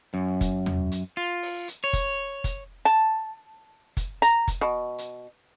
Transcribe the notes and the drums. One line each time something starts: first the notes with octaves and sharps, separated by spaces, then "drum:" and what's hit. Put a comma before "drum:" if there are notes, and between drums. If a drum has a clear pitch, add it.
F#2
drum: kick F#1, hi-hat
drum: tom E2
drum: hi-hat
F4
drum: open hi-hat
drum: hi-hat
C#5
drum: kick F#1, hi-hat
drum: kick F#1, hi-hat
A5
drum: kick F#1, hi-hat
A#5, drum: hi-hat
drum: kick F#1, hi-hat
B2
drum: hi-hat